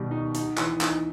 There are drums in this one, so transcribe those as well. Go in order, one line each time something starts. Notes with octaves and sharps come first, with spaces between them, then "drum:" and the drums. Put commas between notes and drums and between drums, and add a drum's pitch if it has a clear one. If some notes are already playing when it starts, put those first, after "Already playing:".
Already playing: B2 D#3 G3
D#4
D#4, drum: hi-hat
E3, drum: clap
D#4, drum: clap